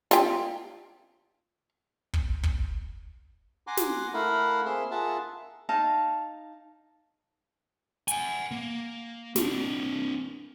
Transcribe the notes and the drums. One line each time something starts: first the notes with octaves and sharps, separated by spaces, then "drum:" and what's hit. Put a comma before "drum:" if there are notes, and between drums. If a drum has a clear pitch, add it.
F4 G4, drum: snare
drum: kick
drum: kick
F#5 G#5 A#5 C6 D6
drum: snare
A3 E4 A#4 F5 F#5 B5
A#3 C4 G#4 E5 C6
F4 G#4 A#4 E5 F#5 A5
D#4 F5 A5
F#5 G#5, drum: hi-hat
A#3
C4 D4, drum: snare